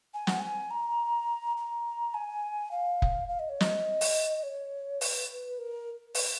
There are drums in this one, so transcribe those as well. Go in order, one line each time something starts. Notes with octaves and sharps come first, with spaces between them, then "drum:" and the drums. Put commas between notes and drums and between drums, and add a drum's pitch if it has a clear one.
G#5
F#5, drum: snare
G#5
A#5
A#5
G#5
F5
drum: kick
F5
D#5
C#5
D#5, drum: snare
drum: open hi-hat
C#5
B4, drum: open hi-hat
A#4
B4, drum: open hi-hat